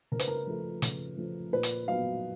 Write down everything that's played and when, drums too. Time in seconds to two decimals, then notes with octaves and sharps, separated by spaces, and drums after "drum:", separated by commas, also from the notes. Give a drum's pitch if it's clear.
0.12 C#3 A#4
0.19 B4, drum: hi-hat
0.28 A#4
0.47 F3 A3
0.82 C#3, drum: hi-hat
1.17 F3 A3
1.53 A#2 B4
1.63 drum: hi-hat
1.88 F#3 B3 F5